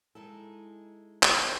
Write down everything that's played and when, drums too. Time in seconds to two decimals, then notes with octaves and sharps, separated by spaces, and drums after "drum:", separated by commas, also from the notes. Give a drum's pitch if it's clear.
0.15 G#3 D#4 E4 A4
1.23 drum: clap